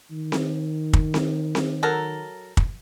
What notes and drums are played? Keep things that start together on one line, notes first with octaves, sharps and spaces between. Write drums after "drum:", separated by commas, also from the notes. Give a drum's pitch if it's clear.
D#3
drum: snare C4
drum: kick
drum: snare C4
drum: snare C4
F#3 A4 A#4
drum: kick